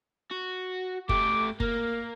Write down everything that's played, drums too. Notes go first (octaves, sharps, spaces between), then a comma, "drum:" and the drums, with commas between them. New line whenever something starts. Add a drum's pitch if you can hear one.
F#4
A3 G4 D6, drum: kick F#1
A#3 A#4, drum: kick F#1